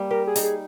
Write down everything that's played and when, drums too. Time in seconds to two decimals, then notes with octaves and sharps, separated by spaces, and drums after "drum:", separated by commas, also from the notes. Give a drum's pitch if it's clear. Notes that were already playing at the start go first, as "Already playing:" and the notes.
Already playing: G3 A#3
0.11 G4 A#4
0.27 G#4
0.36 D#4, drum: open hi-hat
0.43 G#4